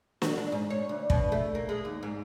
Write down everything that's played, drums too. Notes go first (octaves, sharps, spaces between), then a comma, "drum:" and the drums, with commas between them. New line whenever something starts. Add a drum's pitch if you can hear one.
F#4, drum: snare
D4
G#2
C#5
D2
B2, drum: kick
A3
A#3
G#3
D#2
G#2